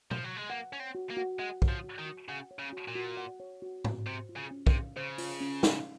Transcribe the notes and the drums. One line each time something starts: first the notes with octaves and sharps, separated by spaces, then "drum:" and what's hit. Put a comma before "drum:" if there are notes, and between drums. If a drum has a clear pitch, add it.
F3, drum: tom B2
F#3
G#3
A#3 F#5
C#4 C#5
C4
F#4
A#3
F#4
G#3 F#5
C#5, drum: kick
F3
F#4
D#3
F#4
C#3 F#5
C#5
C#3
F#4
A#2
F#4
F#5
C#5
F#4
F#4, drum: tom G#2
C3 C5
F4
C#3
C#4
C3, drum: kick
F5
C#3 C5
F4, drum: open hi-hat
C#4
F5, drum: snare